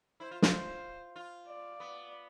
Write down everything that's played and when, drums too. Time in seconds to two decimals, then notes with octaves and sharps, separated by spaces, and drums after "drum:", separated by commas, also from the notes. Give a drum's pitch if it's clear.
0.20 E4 C5
0.31 F4
0.42 F4, drum: snare
0.52 C5
1.16 F4
1.47 D5
1.80 B3